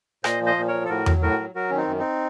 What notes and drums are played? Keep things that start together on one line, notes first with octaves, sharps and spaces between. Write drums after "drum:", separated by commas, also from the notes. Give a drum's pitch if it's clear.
A#2 C5 D#5, drum: rim click
F3
C5 D#5
A#2
A#4 C#5
F3
A4
A2 F#4 A#4
F#3, drum: tom E2
A2 F#4 A#4
F#3
F#3 F#4 A#4
D#3 C#4
C4 D#4
F#2
C4 D#4